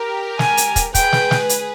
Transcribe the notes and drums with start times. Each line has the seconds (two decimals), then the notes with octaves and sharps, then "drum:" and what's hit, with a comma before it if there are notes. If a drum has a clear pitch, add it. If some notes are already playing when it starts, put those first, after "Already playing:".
Already playing: G4 A#4
0.39 G#5, drum: snare
0.57 drum: hi-hat
0.76 drum: kick, hi-hat
0.95 G#4 B4 G5, drum: kick, hi-hat
1.13 drum: snare
1.31 drum: snare
1.49 drum: hi-hat